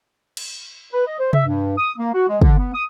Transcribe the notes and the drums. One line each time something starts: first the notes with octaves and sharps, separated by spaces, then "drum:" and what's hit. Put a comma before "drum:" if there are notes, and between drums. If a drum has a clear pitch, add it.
drum: cymbal
B4
D#5
C5
E5, drum: tom C3
G2
D#6
A#3
F#4
G#3
D3, drum: kick
B3
D#6